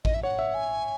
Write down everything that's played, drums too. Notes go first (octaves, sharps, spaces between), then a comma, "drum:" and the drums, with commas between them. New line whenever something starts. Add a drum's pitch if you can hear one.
D#5, drum: kick A1
E5
C#5 F#5
E5
G#5